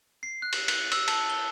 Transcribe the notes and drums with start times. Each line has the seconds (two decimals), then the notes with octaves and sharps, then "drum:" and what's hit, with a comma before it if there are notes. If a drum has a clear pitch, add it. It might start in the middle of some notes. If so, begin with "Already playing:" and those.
0.23 C7
0.42 F#6
0.53 drum: cymbal
0.68 F#6, drum: cymbal
0.92 E6, drum: cymbal
1.08 A5, drum: cymbal
1.30 G7